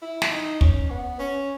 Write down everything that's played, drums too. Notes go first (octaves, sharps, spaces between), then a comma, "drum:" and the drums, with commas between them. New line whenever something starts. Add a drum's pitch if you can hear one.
E4
drum: snare
D#4
C#4, drum: kick
B3
C#4